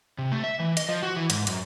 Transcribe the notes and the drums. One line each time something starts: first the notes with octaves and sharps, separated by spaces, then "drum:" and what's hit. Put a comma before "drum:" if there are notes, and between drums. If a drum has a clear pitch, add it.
C3
A3
E5
E3
D#5, drum: hi-hat
F3
F#4
E3
G#2, drum: hi-hat
F#2, drum: hi-hat